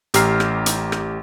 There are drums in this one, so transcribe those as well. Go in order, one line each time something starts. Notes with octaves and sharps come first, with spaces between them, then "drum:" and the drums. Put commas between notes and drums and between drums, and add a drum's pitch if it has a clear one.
A1 G4 A#5 E6 F6 C7, drum: hi-hat
drum: rim click
drum: hi-hat
drum: rim click